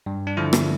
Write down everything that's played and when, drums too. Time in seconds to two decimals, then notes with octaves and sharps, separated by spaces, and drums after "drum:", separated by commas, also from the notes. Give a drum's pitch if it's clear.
0.06 G2
0.27 D4
0.37 D3 F3 E4
0.53 drum: rim click